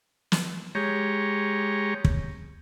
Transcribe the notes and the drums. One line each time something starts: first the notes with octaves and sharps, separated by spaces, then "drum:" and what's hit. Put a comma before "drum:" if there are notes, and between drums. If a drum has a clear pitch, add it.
drum: snare
G#3 G4 C#5 A#5
drum: kick